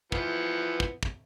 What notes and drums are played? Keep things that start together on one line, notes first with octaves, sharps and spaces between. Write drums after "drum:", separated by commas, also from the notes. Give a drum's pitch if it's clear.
E3 F3 B3, drum: kick
drum: kick
drum: kick